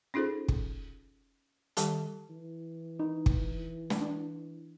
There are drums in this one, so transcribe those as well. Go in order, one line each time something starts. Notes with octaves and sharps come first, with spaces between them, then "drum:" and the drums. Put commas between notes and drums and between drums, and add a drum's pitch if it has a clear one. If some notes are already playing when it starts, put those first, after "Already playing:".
C#4 D#4 F4 G#4 A4 C5
drum: kick
D#3 G3 G4 A4 A5, drum: hi-hat
E3
D#4
drum: kick
drum: snare
D4